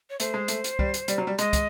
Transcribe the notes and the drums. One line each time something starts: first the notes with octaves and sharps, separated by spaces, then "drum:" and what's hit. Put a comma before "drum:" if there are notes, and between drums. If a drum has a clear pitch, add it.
C#5
A3 C5, drum: hi-hat
G#3
A3, drum: hi-hat
drum: hi-hat
G3, drum: kick
drum: hi-hat
G3, drum: hi-hat
F#3
G3
G#3 D#5, drum: hi-hat
drum: kick, hi-hat